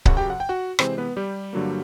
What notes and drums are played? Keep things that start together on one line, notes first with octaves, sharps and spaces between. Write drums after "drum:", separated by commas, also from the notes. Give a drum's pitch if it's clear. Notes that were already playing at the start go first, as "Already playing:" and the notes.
F#2 C#3 F#3 F#4 F#5, drum: kick C#1
G4 G5
F#5
G5
F#4 F#5
C3 E3 G#3 C4 C5, drum: rim click
B3 B4
G3 G4
G2 D3 F#3 A#3